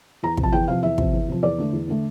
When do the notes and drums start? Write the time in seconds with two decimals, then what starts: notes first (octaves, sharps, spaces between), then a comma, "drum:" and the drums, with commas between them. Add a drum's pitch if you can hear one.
0.23 E2 A#5
0.37 C3, drum: kick
0.43 F3 A5
0.52 E2 G5
0.68 C3 F3 F5
0.83 E2 E5
0.98 C3 F3, drum: kick
1.13 E2
1.28 C3 F3
1.43 E2 D5
1.58 D3 A3
1.73 E2
1.88 D3 A3